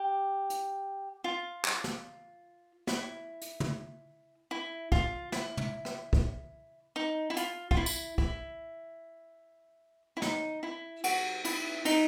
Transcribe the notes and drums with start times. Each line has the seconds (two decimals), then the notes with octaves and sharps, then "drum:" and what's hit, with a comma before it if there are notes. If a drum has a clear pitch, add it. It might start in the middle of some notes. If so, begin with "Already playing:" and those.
Already playing: G4
0.50 drum: hi-hat
1.24 F4
1.65 drum: clap
1.84 drum: snare
2.87 E4, drum: snare
3.42 drum: hi-hat
3.60 drum: tom
4.51 E4
4.92 F4, drum: kick
5.32 E4, drum: snare
5.57 drum: tom
5.85 drum: rim click
6.13 drum: kick
6.96 D#4
7.30 E4
7.37 F4, drum: hi-hat
7.71 F4, drum: kick
7.77 E4
7.86 drum: tambourine
8.18 E4, drum: kick
10.17 E4
10.22 D#4, drum: snare
10.63 E4
11.04 F#4, drum: cymbal
11.45 E4, drum: cymbal
11.85 D#4, drum: cymbal